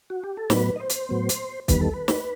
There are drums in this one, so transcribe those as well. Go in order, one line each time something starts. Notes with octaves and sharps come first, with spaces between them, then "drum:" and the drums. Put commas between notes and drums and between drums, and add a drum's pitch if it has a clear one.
F#4
G4
A4
A2 F#3 B3 B4, drum: snare
D#5
C5
drum: hi-hat
A2 F#3 B3
drum: hi-hat
E2 D#3 G3 B3 B4, drum: kick, hi-hat
A4
B4
drum: snare